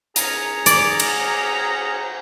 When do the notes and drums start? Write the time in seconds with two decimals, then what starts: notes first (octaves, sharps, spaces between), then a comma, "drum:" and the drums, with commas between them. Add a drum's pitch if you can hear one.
0.16 C#4 G#4 A#5, drum: hi-hat
0.66 D5, drum: hi-hat
1.00 drum: cymbal